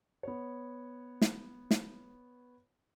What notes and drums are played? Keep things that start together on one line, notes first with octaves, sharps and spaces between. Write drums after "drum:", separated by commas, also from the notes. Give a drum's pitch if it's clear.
B3 C#5
drum: snare
drum: snare